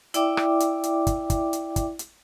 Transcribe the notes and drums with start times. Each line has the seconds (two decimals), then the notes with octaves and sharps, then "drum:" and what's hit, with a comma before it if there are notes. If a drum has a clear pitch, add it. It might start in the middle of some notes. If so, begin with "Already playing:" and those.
0.14 E4 D5 E5 G5 D6, drum: hi-hat
0.37 drum: rim click
0.60 drum: hi-hat
0.84 drum: hi-hat
1.07 drum: kick, hi-hat
1.30 drum: kick, hi-hat
1.53 drum: hi-hat
1.76 drum: kick, hi-hat
1.99 drum: hi-hat